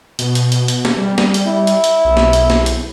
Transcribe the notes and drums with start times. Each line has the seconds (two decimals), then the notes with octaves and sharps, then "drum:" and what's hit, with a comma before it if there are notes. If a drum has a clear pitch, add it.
0.19 B2, drum: hi-hat
0.35 drum: hi-hat
0.52 drum: hi-hat
0.68 drum: hi-hat
0.85 drum: snare
0.97 G3
1.18 drum: snare
1.34 drum: hi-hat
1.46 E4
1.67 drum: hi-hat
1.84 drum: hi-hat
2.05 B1
2.17 drum: snare
2.33 drum: hi-hat
2.50 drum: snare
2.66 drum: hi-hat